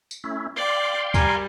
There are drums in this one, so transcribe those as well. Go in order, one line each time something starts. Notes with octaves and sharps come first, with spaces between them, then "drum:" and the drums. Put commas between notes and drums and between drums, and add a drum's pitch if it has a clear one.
drum: tambourine
A3 C#4 E4
D5 F5 G5 C6
G3 A#4 G#5, drum: kick C#2, tambourine